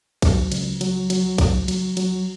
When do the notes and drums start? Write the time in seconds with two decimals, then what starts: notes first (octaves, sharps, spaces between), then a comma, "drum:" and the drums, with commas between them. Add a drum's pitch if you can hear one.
0.22 F#3, drum: kick, cymbal
0.52 C#2, drum: cymbal
0.81 F#3, drum: cymbal
1.10 F#3, drum: cymbal
1.38 C#2, drum: kick, cymbal
1.68 F#3, drum: cymbal
1.97 F#3, drum: cymbal